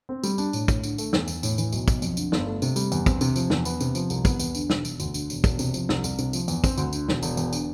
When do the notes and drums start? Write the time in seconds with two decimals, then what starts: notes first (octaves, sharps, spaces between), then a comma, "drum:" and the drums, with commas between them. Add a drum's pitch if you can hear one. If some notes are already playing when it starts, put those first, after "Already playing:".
0.09 C4
0.23 G3, drum: tambourine
0.38 D4, drum: tambourine
0.53 A2, drum: tambourine
0.68 A2, drum: kick, tambourine
0.83 D3, drum: tambourine
0.98 A3, drum: tambourine
1.13 E2, drum: snare
1.28 E2, drum: tambourine
1.43 A2, drum: tambourine
1.58 E3, drum: tambourine
1.72 B1, drum: tambourine
1.88 B1, drum: kick, tambourine
2.02 F2, drum: tambourine
2.17 D3, drum: tambourine
2.32 G1, drum: snare
2.46 A3
2.62 C3, drum: tambourine
2.76 G3, drum: tambourine
2.92 E2, drum: tambourine
3.06 C4, drum: kick, tambourine
3.21 C3, drum: tambourine
3.36 F3, drum: tambourine
3.50 E2, drum: snare
3.65 B3, drum: tambourine
3.80 C3, drum: tambourine
3.95 F3, drum: tambourine
4.10 C2, drum: tambourine
4.25 B3, drum: kick, tambourine
4.39 E2, drum: tambourine
4.55 D3, drum: tambourine
4.70 E1, drum: snare
4.85 E1, drum: tambourine
5.00 D2, drum: tambourine
5.14 D3, drum: tambourine
5.30 E1, drum: tambourine
5.44 E1, drum: kick, tambourine
5.59 C3, drum: tambourine
5.74 F3, drum: tambourine
5.89 C2, drum: snare
6.04 C2, drum: tambourine
6.19 C3, drum: tambourine
6.33 F3, drum: tambourine
6.48 E2, drum: tambourine
6.64 C4, drum: kick, tambourine
6.78 D2, drum: tambourine
6.93 D3, drum: tambourine
7.08 E1, drum: snare
7.23 E1, drum: tambourine
7.37 E2, drum: tambourine
7.53 D3, drum: tambourine